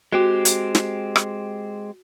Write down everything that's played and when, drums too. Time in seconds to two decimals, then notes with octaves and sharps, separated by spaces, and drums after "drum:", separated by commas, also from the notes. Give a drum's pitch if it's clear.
0.12 G#3 C4 F#4 G4
0.45 drum: hi-hat
0.75 drum: snare
1.16 drum: rim click